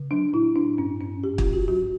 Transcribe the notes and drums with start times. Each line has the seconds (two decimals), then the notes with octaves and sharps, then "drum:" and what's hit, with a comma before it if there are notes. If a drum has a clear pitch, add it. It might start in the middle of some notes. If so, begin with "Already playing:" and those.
Already playing: C#3
0.11 F#3 D4
0.33 A2 E4
0.56 A2 D4
0.78 G2 C#4
1.01 G2 C#4
1.24 G#2 G4
1.38 F4, drum: kick
1.47 G#2
1.53 F#4
1.68 F#3 F#4